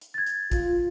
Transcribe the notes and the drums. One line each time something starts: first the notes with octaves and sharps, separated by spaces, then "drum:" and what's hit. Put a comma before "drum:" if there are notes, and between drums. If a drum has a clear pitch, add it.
drum: hi-hat
G#6 A6
drum: hi-hat
F4, drum: kick, hi-hat